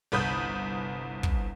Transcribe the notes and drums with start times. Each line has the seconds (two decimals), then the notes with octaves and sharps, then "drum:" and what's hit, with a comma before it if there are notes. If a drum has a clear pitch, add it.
0.12 G1 C2 B4 B5 D#6 G6
1.23 drum: kick